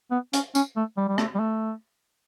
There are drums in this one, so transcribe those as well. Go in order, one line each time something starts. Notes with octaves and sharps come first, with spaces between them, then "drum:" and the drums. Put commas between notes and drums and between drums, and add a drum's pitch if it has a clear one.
B3
C#4, drum: hi-hat
C#4, drum: tambourine
A3
G3
G3
A3, drum: rim click
G3
A3